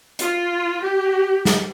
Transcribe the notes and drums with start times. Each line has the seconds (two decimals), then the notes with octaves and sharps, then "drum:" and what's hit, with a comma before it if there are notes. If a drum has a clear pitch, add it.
0.19 F4, drum: hi-hat
0.83 G4
1.45 drum: snare